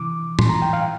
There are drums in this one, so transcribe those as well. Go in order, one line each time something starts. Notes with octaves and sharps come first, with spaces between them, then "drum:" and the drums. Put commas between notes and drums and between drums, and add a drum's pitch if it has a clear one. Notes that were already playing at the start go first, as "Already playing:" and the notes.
Already playing: C3 E3 D6
A2 E3 C6, drum: tom
A#5
G5
F5